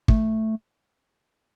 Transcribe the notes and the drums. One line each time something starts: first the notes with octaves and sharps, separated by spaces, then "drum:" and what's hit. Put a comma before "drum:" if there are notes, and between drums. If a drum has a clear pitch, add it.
A3, drum: kick